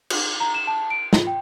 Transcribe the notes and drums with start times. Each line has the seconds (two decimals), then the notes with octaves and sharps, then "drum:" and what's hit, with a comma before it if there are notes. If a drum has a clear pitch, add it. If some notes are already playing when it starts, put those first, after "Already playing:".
0.10 drum: cymbal
0.40 A#5
0.54 E7
0.67 A5
0.90 D7
1.13 F4, drum: snare
1.27 G5